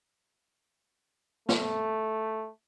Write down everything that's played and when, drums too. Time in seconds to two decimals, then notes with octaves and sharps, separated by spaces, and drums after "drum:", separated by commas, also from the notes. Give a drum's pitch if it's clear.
1.49 A3, drum: snare